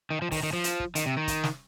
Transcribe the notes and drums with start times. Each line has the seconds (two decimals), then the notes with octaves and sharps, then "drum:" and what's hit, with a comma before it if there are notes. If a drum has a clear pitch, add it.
0.10 D#3
0.22 F3
0.32 D#3, drum: kick, open hi-hat
0.43 D#3
0.53 F3
0.64 drum: hi-hat
0.80 drum: kick
0.95 D#3, drum: hi-hat
1.06 C3
1.17 D#3
1.28 drum: kick, hi-hat
1.44 drum: snare